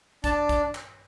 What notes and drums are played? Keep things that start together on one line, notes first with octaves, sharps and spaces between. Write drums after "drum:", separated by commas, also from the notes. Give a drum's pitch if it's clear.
D4 A5, drum: kick, hi-hat
drum: kick, hi-hat
drum: clap